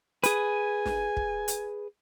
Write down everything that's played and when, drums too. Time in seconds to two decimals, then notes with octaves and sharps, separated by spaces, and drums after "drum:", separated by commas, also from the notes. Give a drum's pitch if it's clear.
0.24 G#4 B4 G#5, drum: hi-hat
0.86 drum: snare
1.17 drum: kick
1.48 drum: hi-hat